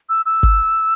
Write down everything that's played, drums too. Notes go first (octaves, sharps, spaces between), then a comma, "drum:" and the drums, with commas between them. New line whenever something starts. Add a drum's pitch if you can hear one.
E6
E6
drum: kick G1